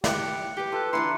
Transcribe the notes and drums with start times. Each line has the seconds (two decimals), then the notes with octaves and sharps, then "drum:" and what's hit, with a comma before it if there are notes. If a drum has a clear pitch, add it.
0.04 G4 F#6 C#7, drum: snare
0.57 G4 B4 G5
0.72 F4 A4 C6 F#6
0.93 E3 D4 E4 B4 A#5 C6 F#6 C#7